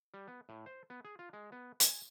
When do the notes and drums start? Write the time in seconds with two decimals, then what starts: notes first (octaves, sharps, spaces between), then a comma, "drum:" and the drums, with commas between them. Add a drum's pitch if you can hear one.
0.14 G3
0.28 B3
0.49 A2
0.66 C5
0.90 B3
1.05 G#4
1.19 F4
1.33 G#3
1.52 B3
1.80 G#5, drum: hi-hat